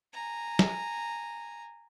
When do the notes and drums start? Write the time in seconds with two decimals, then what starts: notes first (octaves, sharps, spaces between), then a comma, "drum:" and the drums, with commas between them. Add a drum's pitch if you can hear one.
0.13 G#5 A#5
0.59 drum: snare